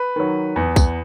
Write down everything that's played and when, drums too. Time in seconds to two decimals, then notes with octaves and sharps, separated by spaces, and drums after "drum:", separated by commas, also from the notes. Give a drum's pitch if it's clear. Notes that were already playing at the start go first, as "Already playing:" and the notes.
Already playing: B4
0.16 D#3 F#3
0.56 E2
0.76 drum: kick, tambourine